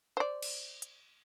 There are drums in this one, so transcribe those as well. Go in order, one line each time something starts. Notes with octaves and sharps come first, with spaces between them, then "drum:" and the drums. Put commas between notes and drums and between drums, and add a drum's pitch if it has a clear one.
C5 D5
drum: cymbal
drum: hi-hat